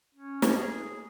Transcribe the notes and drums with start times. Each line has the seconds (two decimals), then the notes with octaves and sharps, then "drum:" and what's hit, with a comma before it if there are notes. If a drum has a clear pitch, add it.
0.15 C#4
0.42 drum: snare
0.56 G#4